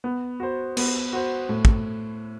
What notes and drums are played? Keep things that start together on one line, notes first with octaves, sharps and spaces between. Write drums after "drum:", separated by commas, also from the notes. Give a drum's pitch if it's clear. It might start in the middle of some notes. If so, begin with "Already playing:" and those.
B3
F#4 C5
B3, drum: cymbal
F#4 C5
A2
drum: kick